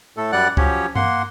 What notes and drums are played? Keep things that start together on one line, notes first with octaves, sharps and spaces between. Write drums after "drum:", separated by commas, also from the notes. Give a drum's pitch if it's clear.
A2 A3 A4
F#2 G3 D5 F#5 F#6
F3 F#3 C#4 G4 C#5, drum: kick C#2
A#3 F#5 C6, drum: tom G2